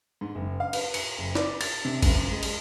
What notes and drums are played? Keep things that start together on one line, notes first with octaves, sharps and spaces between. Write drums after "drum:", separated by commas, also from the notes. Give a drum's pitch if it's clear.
G#2
F#1
F5
B4, drum: cymbal
C#7, drum: cymbal
F#1
D5, drum: snare
A6, drum: cymbal
C3
F#1, drum: kick A1, cymbal
F#2
G#3
drum: cymbal